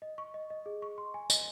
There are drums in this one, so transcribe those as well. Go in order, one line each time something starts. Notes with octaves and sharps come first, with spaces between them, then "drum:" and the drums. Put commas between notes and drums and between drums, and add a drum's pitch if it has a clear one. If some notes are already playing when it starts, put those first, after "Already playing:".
D#5
C#6
D#5
D#5
G#4
C#6
C6
G#5
D#5, drum: tambourine